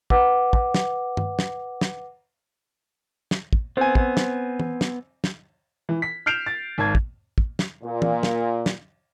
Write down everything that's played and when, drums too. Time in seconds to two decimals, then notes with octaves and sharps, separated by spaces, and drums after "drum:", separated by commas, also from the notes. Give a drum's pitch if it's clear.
0.10 B4 F#5 D6, drum: kick
0.53 drum: kick
0.74 drum: snare
1.17 drum: tom G2
1.39 drum: snare
1.81 drum: snare
3.31 drum: snare
3.53 drum: kick
3.77 B3 C4 G#5
3.95 drum: kick
4.17 drum: snare
4.60 drum: tom E3
4.81 drum: snare
5.24 drum: snare
5.89 E3
6.02 B6
6.26 F6 G6 C7 D7 E7 F7
6.47 A6
6.78 G#1 A5 G#6
6.95 drum: kick
7.38 drum: kick
7.59 drum: snare
7.83 A#2
8.02 drum: tom E3
8.23 drum: snare
8.66 drum: snare